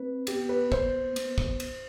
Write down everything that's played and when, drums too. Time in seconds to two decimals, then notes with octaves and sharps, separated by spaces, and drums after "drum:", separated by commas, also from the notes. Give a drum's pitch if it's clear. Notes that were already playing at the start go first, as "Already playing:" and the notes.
Already playing: C4 B4
0.27 B3 G4, drum: cymbal
0.49 B4
0.72 B3 C5, drum: kick
1.16 B3, drum: cymbal
1.38 drum: kick
1.60 drum: cymbal